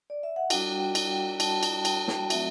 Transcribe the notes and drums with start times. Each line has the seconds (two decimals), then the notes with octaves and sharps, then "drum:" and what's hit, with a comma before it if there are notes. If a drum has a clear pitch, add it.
0.10 D5
0.23 E5
0.36 F#5
0.50 G3 D4 F#4 G5, drum: cymbal
0.79 G5
0.95 drum: cymbal
1.10 G5
1.40 A5, drum: cymbal
1.63 drum: cymbal
1.85 G5, drum: cymbal
2.08 drum: snare
2.30 F#3 A3 C4 F#4 E5, drum: cymbal